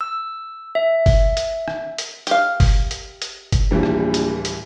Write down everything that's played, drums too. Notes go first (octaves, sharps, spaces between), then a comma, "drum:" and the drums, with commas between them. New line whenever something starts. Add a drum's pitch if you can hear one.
E6
E5
drum: kick G1, open hi-hat
drum: hi-hat
drum: rim click
drum: hi-hat
G4 F5, drum: hi-hat
drum: kick G1, open hi-hat
drum: hi-hat
drum: hi-hat
drum: kick G1, hi-hat
D1 A#1 E3 G3
drum: rim click
drum: hi-hat
drum: hi-hat